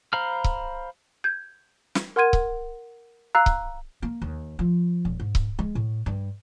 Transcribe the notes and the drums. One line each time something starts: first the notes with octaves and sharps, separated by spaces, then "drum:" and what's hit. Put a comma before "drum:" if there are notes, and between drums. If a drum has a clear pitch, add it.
C5 F5 A#5 B5 F6
drum: kick C#1
G6 G#6
drum: snare
A#4 F#5 C6 G#6 D#7
drum: kick C#1
F5 A#5 E6 F#6 C7
drum: kick C#1
A#3
D#2
F3
D#1
G#2
drum: kick C#1
G#3
A2
G2